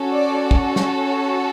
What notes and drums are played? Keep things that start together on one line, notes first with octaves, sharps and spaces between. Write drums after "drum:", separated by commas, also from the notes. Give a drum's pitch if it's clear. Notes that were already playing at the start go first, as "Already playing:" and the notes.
Already playing: C#4 F#4 A4
D5
drum: kick
drum: snare